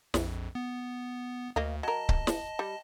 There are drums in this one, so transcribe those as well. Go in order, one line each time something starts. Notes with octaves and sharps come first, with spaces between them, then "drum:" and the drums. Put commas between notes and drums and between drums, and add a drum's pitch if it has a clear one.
A#1 F2, drum: snare
B3
D2 A#3 D#5 F5
F#3 A#4 D#5 A5
drum: kick C#1
drum: snare
G3